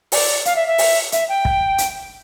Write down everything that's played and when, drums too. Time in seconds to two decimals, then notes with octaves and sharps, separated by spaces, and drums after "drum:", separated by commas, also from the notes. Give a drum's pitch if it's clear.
0.12 D5, drum: open hi-hat
0.45 F5, drum: hi-hat
0.56 E5
0.67 E5
0.78 drum: open hi-hat
1.12 E5, drum: hi-hat
1.28 G5
1.45 drum: kick
1.78 drum: hi-hat